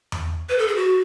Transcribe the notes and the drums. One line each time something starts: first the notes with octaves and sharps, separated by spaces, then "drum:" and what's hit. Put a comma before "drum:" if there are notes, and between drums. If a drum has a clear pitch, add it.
drum: tom E2
B4
A4
G#4
F#4